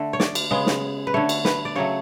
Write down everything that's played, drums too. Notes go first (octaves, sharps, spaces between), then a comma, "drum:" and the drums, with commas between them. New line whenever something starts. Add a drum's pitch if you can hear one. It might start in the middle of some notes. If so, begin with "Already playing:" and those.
Already playing: D3 A3
C#5
D5, drum: snare
drum: cymbal
C#3 G#3 B3
drum: snare
B4
D3 A3 C#5
drum: cymbal
B4, drum: snare
D5
C#3 F#3 A3 C#5